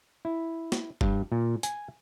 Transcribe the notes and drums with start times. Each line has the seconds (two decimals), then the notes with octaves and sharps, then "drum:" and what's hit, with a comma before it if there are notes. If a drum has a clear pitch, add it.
0.25 E4
0.72 drum: snare
1.01 G2, drum: kick F1
1.32 A#2
1.63 G#5, drum: hi-hat